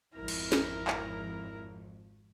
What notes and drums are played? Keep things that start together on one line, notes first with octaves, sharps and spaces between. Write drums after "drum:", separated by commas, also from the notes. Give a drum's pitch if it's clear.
G#1 F2 E4 A#4
drum: cymbal
drum: snare
drum: clap